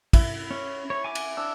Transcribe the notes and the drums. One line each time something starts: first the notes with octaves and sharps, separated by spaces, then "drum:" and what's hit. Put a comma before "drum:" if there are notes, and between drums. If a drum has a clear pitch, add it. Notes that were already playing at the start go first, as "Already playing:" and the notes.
E4, drum: kick, cymbal
C#4
C#5
G#5 D6
drum: cymbal
D4 E6